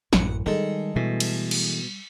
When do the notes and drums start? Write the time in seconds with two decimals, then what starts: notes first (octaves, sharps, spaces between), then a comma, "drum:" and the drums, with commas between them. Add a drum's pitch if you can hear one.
0.13 A1 F#2 F#5, drum: snare
0.46 D#3 G3 G#3 A4
0.96 B2 E3 A3
1.20 drum: cymbal
1.51 drum: cymbal